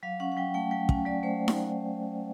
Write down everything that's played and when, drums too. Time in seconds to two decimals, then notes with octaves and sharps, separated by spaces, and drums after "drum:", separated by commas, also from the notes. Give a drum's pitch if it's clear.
0.03 F#3 F5
0.20 C#4 F#5
0.32 F#5
0.37 F#3 G5
0.54 A3 G5
0.71 F#3 G5
0.89 C#4 G#5, drum: kick
1.05 F#3 D5
1.23 A3 C5
1.48 drum: snare D#4